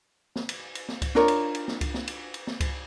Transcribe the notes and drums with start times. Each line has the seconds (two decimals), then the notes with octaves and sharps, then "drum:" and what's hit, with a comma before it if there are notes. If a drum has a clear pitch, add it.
0.36 drum: snare
0.49 drum: cymbal
0.75 drum: cymbal
0.88 drum: snare
1.02 drum: kick C#2, cymbal
1.15 D4 F4 A#4 C#5, drum: snare
1.28 drum: cymbal
1.55 drum: cymbal
1.68 drum: snare
1.81 drum: kick C#2, cymbal
1.94 drum: snare
2.08 drum: cymbal
2.34 drum: cymbal
2.47 drum: snare
2.60 drum: kick C#2, cymbal